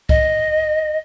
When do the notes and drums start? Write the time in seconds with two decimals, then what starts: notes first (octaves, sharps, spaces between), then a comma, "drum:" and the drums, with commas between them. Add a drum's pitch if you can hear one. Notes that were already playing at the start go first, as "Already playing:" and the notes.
0.09 D#5, drum: kick C2